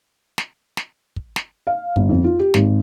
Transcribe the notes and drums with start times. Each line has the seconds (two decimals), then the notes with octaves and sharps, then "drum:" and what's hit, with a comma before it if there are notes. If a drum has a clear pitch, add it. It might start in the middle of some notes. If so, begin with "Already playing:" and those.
0.38 drum: snare
0.77 drum: snare
1.16 drum: kick
1.36 drum: snare
1.67 F5
1.96 G1, drum: kick
2.09 F2
2.24 F4
2.39 G4
2.54 G#1, drum: snare